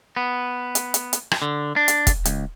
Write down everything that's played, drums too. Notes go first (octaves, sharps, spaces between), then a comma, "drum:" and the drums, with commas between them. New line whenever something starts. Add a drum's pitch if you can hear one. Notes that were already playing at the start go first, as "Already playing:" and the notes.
B3
drum: hi-hat
drum: hi-hat
drum: hi-hat
drum: rim click
D3
D4
drum: hi-hat
drum: kick E1, hi-hat
C#2, drum: hi-hat